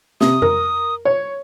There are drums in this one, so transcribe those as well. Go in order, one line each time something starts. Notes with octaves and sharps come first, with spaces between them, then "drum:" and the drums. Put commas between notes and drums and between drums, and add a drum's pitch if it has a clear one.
C3 D#6, drum: snare
A#4, drum: tom F2
C#5